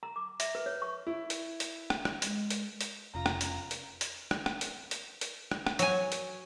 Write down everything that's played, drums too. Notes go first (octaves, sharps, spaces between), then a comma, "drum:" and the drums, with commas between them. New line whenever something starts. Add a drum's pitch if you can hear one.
A#5
D6
E5, drum: hi-hat
B4
C#5
C#6
E4
drum: hi-hat
drum: hi-hat
drum: rim click
drum: rim click
G#3, drum: hi-hat
drum: hi-hat
drum: hi-hat
F1 C#3 F4 A#5
drum: rim click
drum: hi-hat
drum: hi-hat
drum: hi-hat
drum: rim click
drum: rim click
drum: hi-hat
drum: hi-hat
drum: hi-hat
drum: rim click
drum: rim click
F#3 G#5, drum: hi-hat
drum: hi-hat